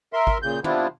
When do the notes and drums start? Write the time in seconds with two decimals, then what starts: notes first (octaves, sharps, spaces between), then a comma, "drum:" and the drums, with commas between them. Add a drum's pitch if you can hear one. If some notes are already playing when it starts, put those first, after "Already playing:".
0.13 A#4 E5 C6
0.27 drum: kick G#1
0.43 A#2 C#3 G6
0.64 G3 B3 C4 D4 E4 F4, drum: tom